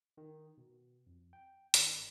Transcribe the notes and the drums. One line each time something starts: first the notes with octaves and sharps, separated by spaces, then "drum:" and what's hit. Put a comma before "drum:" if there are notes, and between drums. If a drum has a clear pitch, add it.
D#3
B2
F2
G5
G#1, drum: hi-hat